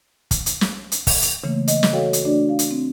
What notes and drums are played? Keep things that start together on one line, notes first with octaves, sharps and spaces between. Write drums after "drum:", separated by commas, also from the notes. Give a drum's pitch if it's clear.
drum: kick, hi-hat
drum: hi-hat
drum: snare
drum: hi-hat
drum: kick, open hi-hat
drum: hi-hat
C#3 E3 A3 A#3
D#5, drum: hi-hat
drum: snare
F#4 A4 C#5 F5 G5
drum: hi-hat
A3 D4 F#4 D5
F5
drum: hi-hat
C4